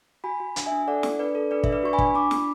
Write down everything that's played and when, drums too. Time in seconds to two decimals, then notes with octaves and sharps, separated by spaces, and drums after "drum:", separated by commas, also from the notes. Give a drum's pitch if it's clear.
0.24 F#4 G#5 B5
0.40 F#4
0.56 D4, drum: hi-hat
0.66 E5 G#5
0.72 D4
0.88 A4 D5 F#5
1.03 D4, drum: snare
1.19 D4 B4 D5
1.35 A4
1.51 D4 B4 D5
1.64 D4 E5, drum: kick
1.72 B4 D5
1.83 F#4 C#6
1.93 G#5 B5
1.98 D4, drum: kick
2.15 D4 B5 D6
2.31 D4, drum: snare